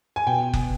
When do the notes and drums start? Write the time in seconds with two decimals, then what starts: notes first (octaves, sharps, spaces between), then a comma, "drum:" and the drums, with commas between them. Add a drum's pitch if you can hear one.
0.16 G#5
0.26 B2 G5
0.53 drum: kick F#1